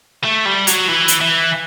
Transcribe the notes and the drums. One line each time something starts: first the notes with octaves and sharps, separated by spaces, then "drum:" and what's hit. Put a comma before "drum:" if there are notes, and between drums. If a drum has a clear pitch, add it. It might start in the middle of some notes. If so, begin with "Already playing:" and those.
A3
G3
F#3, drum: hi-hat
E3
drum: hi-hat
E3